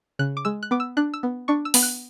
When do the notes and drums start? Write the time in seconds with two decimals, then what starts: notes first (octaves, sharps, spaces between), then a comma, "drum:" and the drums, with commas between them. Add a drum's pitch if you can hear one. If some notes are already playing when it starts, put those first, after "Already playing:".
0.19 C#3 F#6
0.37 D6
0.45 G#3 E6
0.63 F#6
0.71 B3 D6
0.80 E6
0.97 D4 F#6
1.14 E6
1.23 B3
1.48 D4 C#6
1.65 E6
1.74 B3, drum: open hi-hat
1.83 F#6